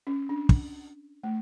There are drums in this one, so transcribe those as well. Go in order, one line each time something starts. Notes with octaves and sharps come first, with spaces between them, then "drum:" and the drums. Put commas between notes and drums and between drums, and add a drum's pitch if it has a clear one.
C#4
D4
drum: kick
A3